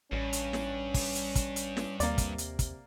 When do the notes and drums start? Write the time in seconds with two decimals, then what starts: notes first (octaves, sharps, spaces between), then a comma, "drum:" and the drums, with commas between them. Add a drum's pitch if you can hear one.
0.12 A1 G2 C#4
0.33 drum: hi-hat
0.53 drum: snare
0.94 drum: kick, open hi-hat
1.15 drum: hi-hat
1.35 drum: kick, hi-hat
1.56 drum: hi-hat
1.77 drum: snare
2.00 D#2 C3 A#3 D5, drum: hi-hat
2.18 drum: kick, hi-hat
2.38 drum: hi-hat
2.59 drum: kick, hi-hat